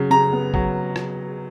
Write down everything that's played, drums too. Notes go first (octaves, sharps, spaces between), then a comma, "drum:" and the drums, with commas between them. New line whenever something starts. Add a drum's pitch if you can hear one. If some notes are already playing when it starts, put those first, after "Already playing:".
Already playing: C#3 F#3
C#3 A#5
B3
F#3, drum: kick
drum: rim click